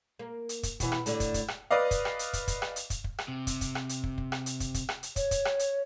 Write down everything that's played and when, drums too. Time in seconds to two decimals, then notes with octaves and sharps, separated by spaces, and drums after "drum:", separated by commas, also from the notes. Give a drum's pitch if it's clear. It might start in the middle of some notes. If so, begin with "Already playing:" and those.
0.19 A#3
0.49 drum: hi-hat
0.63 drum: kick, hi-hat
0.80 B2 E3, drum: kick, hi-hat
0.92 drum: rim click
1.06 A2 D3 D5, drum: hi-hat
1.20 drum: kick, hi-hat
1.34 drum: kick, hi-hat
1.48 drum: rim click
1.71 B4 D5 D#5 F5
1.91 drum: kick, hi-hat
2.05 drum: rim click
2.19 drum: hi-hat
2.33 drum: kick, hi-hat
2.48 drum: kick, hi-hat
2.62 drum: rim click
2.76 drum: hi-hat
2.90 drum: kick, hi-hat
3.04 drum: kick
3.18 drum: rim click
3.28 C3
3.47 drum: kick, hi-hat
3.61 drum: kick, hi-hat
3.75 drum: rim click
3.89 drum: hi-hat
4.04 drum: kick
4.18 drum: kick
4.32 drum: rim click
4.46 drum: hi-hat
4.60 drum: kick, hi-hat
4.74 drum: kick, hi-hat
4.89 drum: rim click
5.03 drum: hi-hat
5.16 C#5, drum: kick, hi-hat
5.31 drum: kick, hi-hat
5.45 drum: rim click
5.59 drum: hi-hat